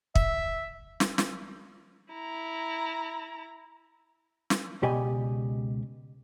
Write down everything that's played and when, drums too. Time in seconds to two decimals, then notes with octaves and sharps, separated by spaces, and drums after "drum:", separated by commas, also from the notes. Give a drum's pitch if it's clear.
0.15 E5, drum: kick
1.00 drum: snare
1.18 drum: snare
2.12 E4 A#5
4.50 drum: snare
4.82 C#2 B2 G4 D5 D#5 G#5